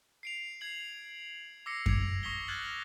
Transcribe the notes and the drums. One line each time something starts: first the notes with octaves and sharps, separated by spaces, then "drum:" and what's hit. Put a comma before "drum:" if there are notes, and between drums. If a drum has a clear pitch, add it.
C7 D7 F7
G#6 C7 F#7
D6 E6 A#6 C7 C#7
D6 G#6 D7 F7, drum: kick F#2
C#6 D#6 A#6 B6 F7 G7
F6 F#6 G#6 A6 F#7